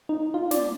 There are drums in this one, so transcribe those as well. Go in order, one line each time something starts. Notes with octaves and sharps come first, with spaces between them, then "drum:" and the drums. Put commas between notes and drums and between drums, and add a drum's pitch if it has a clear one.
D#4
F4
D5, drum: snare